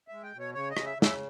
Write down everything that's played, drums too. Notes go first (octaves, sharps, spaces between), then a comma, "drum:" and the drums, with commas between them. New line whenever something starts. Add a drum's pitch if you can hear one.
G#3 E5
G5
B2
C#5
C#3 C#5
D#5
C#3, drum: rim click
E5
C#3
E5, drum: snare